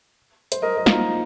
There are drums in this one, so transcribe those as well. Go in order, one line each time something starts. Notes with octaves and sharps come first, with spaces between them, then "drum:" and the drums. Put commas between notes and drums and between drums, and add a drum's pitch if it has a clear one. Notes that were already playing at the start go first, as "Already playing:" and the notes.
C5, drum: hi-hat
A#4 D#5
A#4 D#5
F4, drum: snare
A#3 D#4